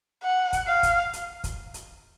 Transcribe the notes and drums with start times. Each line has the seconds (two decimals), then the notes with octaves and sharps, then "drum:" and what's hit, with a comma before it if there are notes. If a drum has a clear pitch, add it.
0.23 F#5
0.53 drum: kick, hi-hat
0.68 F5
0.83 drum: kick, hi-hat
1.13 drum: hi-hat
1.44 drum: kick, hi-hat
1.74 drum: hi-hat